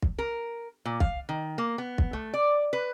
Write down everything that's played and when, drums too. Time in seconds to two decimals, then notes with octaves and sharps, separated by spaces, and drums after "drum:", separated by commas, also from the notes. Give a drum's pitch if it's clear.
0.02 drum: kick
0.19 A#4
0.85 A#2
1.00 F5, drum: kick
1.29 D#3
1.58 A#3
1.78 B3
1.98 drum: kick
2.13 A3
2.34 D5
2.73 B4